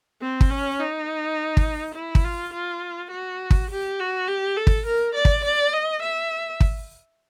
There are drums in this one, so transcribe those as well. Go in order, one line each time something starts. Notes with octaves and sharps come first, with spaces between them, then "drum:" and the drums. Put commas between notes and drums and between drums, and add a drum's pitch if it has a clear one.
C4
drum: kick
C#4
D#4
drum: kick
E4
drum: kick
F4
F4
F#4
drum: kick
G4
F#4
G4
A4
drum: kick
A#4
D5
drum: kick
D5
D#5
E5
drum: kick